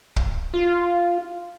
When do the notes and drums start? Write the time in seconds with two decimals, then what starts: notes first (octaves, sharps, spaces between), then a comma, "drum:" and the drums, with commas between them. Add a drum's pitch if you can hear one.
0.16 drum: kick
0.54 F4